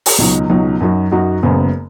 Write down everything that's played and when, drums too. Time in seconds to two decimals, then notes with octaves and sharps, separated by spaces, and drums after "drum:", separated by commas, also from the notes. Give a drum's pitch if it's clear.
0.06 drum: open hi-hat
0.18 C#2 B2 F#3 D#4
0.49 C#2 B2 F#3 D#4
0.80 F#2 F#3 D#4 F#4
1.12 F#2 F#3 D#4 F#4
1.43 F#1 F#2 C#3 G#3 B3